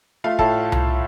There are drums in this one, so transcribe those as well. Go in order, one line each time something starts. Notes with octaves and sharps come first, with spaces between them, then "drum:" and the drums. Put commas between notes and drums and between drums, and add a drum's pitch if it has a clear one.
A3 F4 F5
A2 A4 A5, drum: kick
drum: tom C2